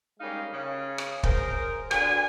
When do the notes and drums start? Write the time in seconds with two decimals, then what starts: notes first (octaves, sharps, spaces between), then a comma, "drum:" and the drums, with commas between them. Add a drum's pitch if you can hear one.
0.20 G3 G#3 A#3 C#4 D#4 F5
0.53 C#3
0.98 drum: rim click
1.23 G#4 A#4 C5, drum: kick
1.91 B2 D3 D4 G#5, drum: rim click